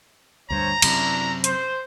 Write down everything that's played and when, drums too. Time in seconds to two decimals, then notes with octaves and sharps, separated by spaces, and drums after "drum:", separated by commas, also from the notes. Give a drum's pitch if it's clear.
0.50 D2 G2 C5 C#5 A#5
0.82 F#2 C3 D4 E4, drum: cymbal
1.44 C5, drum: hi-hat